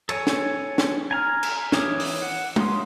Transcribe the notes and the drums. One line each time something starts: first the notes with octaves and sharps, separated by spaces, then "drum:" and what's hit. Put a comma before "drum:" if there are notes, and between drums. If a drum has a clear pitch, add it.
A4 C#5 G#5, drum: cymbal
drum: snare
drum: snare
G#5 A#5 F6
drum: cymbal
E3 C#5 D6 D#6, drum: snare
drum: open hi-hat
F#5
A#3 C#4 C6 D#6, drum: tom G#3